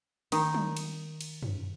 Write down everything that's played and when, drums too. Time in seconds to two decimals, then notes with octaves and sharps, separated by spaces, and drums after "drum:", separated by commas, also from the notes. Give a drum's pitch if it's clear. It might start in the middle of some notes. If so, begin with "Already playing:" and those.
0.32 D#3 D#4, drum: cymbal
0.55 drum: tom F#3
0.77 drum: cymbal
1.21 drum: cymbal
1.43 drum: tom F#2